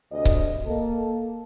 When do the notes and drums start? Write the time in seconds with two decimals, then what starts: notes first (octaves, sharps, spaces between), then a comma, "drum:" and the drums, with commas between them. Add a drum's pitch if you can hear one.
0.12 D2 C3 C5 D#5
0.25 drum: kick C#1
0.66 A#3 A4